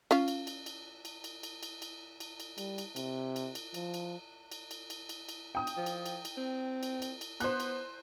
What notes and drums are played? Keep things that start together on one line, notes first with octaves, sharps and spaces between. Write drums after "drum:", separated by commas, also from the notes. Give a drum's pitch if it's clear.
C#4 F4 F5, drum: cymbal
drum: cymbal
drum: cymbal
drum: cymbal
drum: cymbal
drum: cymbal
drum: cymbal
drum: cymbal
drum: cymbal
drum: cymbal
drum: cymbal
G3, drum: cymbal
drum: cymbal
C3, drum: cymbal
drum: cymbal
drum: cymbal
F3, drum: cymbal
drum: cymbal
drum: cymbal
drum: cymbal
drum: cymbal
drum: cymbal
drum: cymbal
G5 D#6
drum: cymbal
F3
drum: cymbal
drum: cymbal
drum: cymbal
C4
drum: cymbal
drum: cymbal
drum: cymbal
B3 C5 F#6, drum: cymbal
drum: cymbal